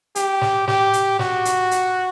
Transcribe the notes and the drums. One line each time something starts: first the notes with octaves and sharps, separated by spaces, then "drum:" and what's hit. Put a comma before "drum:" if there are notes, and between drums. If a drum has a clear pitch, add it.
G4, drum: hi-hat
drum: snare
G4, drum: snare
drum: hi-hat
F#4, drum: snare
drum: hi-hat
drum: hi-hat